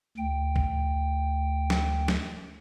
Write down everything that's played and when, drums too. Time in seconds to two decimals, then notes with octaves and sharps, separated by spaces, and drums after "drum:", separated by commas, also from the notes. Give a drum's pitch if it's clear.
0.17 D2 G5
0.56 drum: kick
1.70 drum: snare
2.08 drum: snare